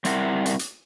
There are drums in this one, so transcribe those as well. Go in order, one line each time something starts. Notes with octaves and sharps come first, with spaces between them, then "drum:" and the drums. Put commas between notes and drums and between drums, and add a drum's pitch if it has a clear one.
G3 C4 E4 A#4 F#5, drum: hi-hat
drum: hi-hat
drum: hi-hat